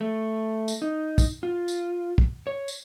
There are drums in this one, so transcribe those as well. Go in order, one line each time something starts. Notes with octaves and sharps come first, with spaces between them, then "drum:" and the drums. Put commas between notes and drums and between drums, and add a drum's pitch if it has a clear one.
A3
drum: tambourine
D#4
drum: kick, tambourine
F4
drum: tambourine
drum: kick
C#5
drum: tambourine